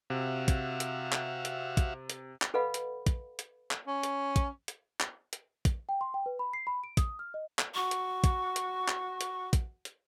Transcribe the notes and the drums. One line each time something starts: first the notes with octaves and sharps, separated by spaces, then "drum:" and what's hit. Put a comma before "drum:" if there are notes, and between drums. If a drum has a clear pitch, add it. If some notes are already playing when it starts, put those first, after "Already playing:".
C3 F#4 E5 F5
drum: kick, hi-hat
drum: hi-hat
drum: clap
drum: hi-hat
drum: kick, hi-hat
drum: hi-hat
drum: clap
A4 B4 D#5 F5 F#5 B5
drum: hi-hat
drum: kick, hi-hat
drum: hi-hat
drum: clap
C#4
drum: hi-hat
drum: kick, hi-hat
drum: hi-hat
drum: clap
drum: hi-hat
drum: kick, hi-hat
G5
C6
G5
B4
B5
C7
B5
D7
D#6, drum: kick, hi-hat
F6
D#5
drum: clap
F#4 C#6
drum: hi-hat
drum: kick, hi-hat
drum: hi-hat
drum: clap
drum: hi-hat
drum: kick, hi-hat
drum: hi-hat